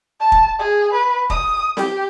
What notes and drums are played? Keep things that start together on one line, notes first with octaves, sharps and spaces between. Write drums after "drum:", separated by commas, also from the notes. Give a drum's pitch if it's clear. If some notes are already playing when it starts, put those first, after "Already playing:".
A5
drum: kick
G#4
B4
D#6, drum: kick
G4, drum: snare C4